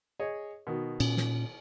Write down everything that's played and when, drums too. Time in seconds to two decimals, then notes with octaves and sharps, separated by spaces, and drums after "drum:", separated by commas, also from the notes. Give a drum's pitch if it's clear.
0.19 G#4 C#5 D#5
0.67 B2 D#3
1.00 A#2 C#4, drum: cymbal
1.17 drum: snare